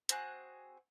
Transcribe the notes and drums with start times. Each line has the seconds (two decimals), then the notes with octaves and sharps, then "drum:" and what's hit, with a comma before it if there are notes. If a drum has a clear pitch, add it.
0.09 C4 F#4 G#4 F#6, drum: hi-hat